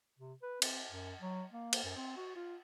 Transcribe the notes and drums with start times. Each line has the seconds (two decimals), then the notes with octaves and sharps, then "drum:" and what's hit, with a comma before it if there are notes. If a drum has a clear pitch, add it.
0.19 C3
0.42 B4
0.62 C4, drum: cymbal
0.91 F#2
1.21 F#3
1.53 A#3
1.73 drum: cymbal
1.84 F#2
1.96 C4
2.17 F#4
2.36 F4